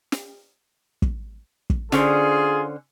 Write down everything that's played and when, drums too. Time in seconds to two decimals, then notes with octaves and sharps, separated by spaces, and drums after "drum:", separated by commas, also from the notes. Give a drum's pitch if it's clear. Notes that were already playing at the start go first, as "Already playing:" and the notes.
0.12 drum: snare
1.02 drum: kick
1.70 drum: kick
1.92 D3 C#4 F4 G#4 C5, drum: snare